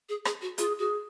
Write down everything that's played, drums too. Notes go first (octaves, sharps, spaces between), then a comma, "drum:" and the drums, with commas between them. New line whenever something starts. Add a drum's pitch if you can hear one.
G#4
G#4, drum: rim click
F#4
F4 G#4, drum: hi-hat
F#4 G#4